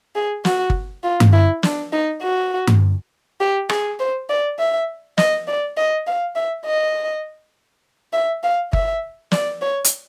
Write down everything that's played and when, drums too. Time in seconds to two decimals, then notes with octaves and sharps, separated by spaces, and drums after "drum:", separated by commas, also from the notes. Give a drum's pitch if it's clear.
0.15 G#4
0.45 F#4, drum: snare
0.70 drum: kick G1
1.04 F4
1.20 drum: tom G2
1.33 E4
1.63 D4, drum: snare
1.93 D#4
2.22 F#4
2.67 drum: tom G2
3.40 G4
3.69 G#4, drum: rim click
4.00 C5
4.29 D5
4.59 E5
5.18 D#5, drum: snare
5.48 D5
5.77 D#5
6.07 F5
6.36 E5
6.65 D#5
8.13 E5
8.44 F5
8.73 E5, drum: kick G1
9.31 D5, drum: snare
9.61 C#5
9.84 drum: hi-hat